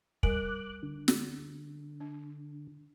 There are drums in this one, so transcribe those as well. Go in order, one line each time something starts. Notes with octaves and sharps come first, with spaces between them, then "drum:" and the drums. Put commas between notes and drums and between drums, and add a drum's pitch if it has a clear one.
G3 A#4 G#5 D6 F#6, drum: kick
D3
drum: snare
D4